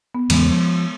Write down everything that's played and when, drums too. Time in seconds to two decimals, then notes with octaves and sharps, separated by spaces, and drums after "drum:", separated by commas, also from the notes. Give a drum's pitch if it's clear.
0.15 B3
0.30 E2 C#3 E3 G#3 B3, drum: cymbal
0.51 F3